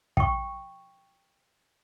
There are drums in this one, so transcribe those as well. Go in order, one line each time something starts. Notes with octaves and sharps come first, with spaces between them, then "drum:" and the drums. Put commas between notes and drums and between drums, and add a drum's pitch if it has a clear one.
G5 C#6, drum: kick